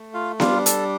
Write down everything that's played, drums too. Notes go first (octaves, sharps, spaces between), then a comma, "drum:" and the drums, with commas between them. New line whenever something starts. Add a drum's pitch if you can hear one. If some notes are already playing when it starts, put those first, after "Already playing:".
Already playing: A3
F4 F5
G3 D4 F4 F5, drum: snare B3
A4 A5, drum: hi-hat